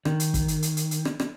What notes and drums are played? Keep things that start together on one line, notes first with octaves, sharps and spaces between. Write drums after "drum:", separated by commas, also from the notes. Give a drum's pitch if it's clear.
D#3, drum: rim click
drum: hi-hat
drum: kick, hi-hat
drum: hi-hat
drum: hi-hat
drum: hi-hat
drum: hi-hat
drum: rim click
drum: rim click